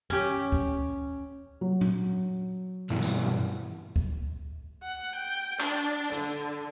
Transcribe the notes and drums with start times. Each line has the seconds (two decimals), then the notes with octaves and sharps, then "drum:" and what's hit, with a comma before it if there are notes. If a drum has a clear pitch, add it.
0.10 C#4 G4, drum: tom
0.52 drum: kick
1.61 F#3
1.81 drum: tom
2.90 G2 B2 E3
3.02 drum: tambourine
3.96 drum: kick
4.82 F#5
5.15 G5
5.60 D4, drum: clap
6.12 D3, drum: snare